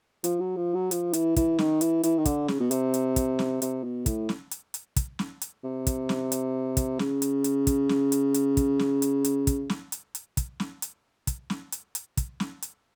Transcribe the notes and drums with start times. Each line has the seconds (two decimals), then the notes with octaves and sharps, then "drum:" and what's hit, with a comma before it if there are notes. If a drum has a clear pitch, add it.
0.24 F3, drum: hi-hat
0.40 F#3
0.56 F3
0.74 F#3
0.91 F3, drum: hi-hat
1.13 E3, drum: hi-hat
1.36 E3, drum: kick, hi-hat
1.59 D#3, drum: snare
1.81 E3, drum: hi-hat
2.03 E3, drum: hi-hat
2.18 D#3
2.25 D3, drum: kick, hi-hat
2.48 C#3, drum: snare
2.60 B2
2.71 C3, drum: hi-hat
2.94 drum: hi-hat
3.16 drum: kick, hi-hat
3.39 drum: snare
3.62 C3, drum: hi-hat
3.84 B2
4.06 A2, drum: kick, hi-hat
4.29 drum: snare
4.51 drum: hi-hat
4.74 drum: hi-hat
4.96 drum: kick, hi-hat
5.19 drum: snare
5.41 drum: hi-hat
5.64 C3
5.87 drum: kick, hi-hat
6.09 drum: snare
6.32 drum: hi-hat
6.77 drum: kick, hi-hat
6.99 C#3, drum: snare
7.22 drum: hi-hat
7.44 drum: hi-hat
7.67 drum: kick, hi-hat
7.89 drum: snare
8.12 drum: hi-hat
8.34 drum: hi-hat
8.57 drum: kick, hi-hat
8.79 drum: snare
9.02 drum: hi-hat
9.24 drum: hi-hat
9.47 drum: kick, hi-hat
9.70 drum: snare
9.92 drum: hi-hat
10.15 drum: hi-hat
10.37 drum: kick, hi-hat
10.60 drum: snare
10.82 drum: hi-hat
11.27 drum: kick, hi-hat
11.50 drum: snare
11.72 drum: hi-hat
11.95 drum: hi-hat
12.17 drum: kick, hi-hat
12.40 drum: snare
12.62 drum: hi-hat